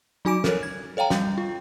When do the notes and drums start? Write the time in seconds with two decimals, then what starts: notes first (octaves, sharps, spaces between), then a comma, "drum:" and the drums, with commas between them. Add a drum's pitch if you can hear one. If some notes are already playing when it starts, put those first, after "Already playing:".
0.25 F#3 D#4 F#4 G#5 D6 D7
0.44 A4 A#4 C#5, drum: snare
0.63 G#6
0.97 A4 C#5 F5 G5 A#5
1.10 G3 G6, drum: snare
1.38 F4